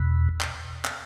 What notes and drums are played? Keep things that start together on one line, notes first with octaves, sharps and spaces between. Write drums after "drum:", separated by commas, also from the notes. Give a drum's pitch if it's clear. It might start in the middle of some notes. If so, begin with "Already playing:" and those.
Already playing: E2 B2
drum: clap
drum: clap